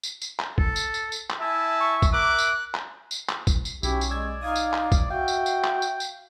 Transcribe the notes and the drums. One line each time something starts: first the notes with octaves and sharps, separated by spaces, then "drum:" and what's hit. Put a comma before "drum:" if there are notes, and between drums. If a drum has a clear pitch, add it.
drum: tambourine
drum: tambourine
drum: clap
A4, drum: kick
drum: tambourine
drum: tambourine
drum: tambourine
drum: clap
E4 E5 G#5 A5
C#6
drum: kick, tambourine
A#4 E5 D6 F#6
drum: tambourine
drum: clap
drum: tambourine
drum: clap
drum: kick, tambourine
drum: tambourine
B1 C#4 E4 G4, drum: tambourine
drum: tambourine
G#3 D5 E6 G#6
D#4 F5 D#6 G#6
drum: tambourine
drum: clap
drum: kick, tambourine
F#4 E5 F5 G5
drum: tambourine
drum: tambourine
drum: clap
drum: tambourine
drum: tambourine